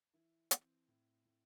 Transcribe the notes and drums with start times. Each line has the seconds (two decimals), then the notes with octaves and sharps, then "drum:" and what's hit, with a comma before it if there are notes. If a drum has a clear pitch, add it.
0.14 E3 E4
0.51 E3 C4, drum: hi-hat
0.88 A2
1.25 A2